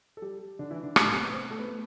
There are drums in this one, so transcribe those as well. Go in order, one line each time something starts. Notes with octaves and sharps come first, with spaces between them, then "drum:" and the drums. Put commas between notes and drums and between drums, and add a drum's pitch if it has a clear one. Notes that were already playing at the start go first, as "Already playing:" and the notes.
A4
G3 G4
D3 D4
E3 E4
D3 D4
G3, drum: rim click
A2 A3
C3 C4
B3 B4
C4 C5
A3 A4
B3 B4
A3 A4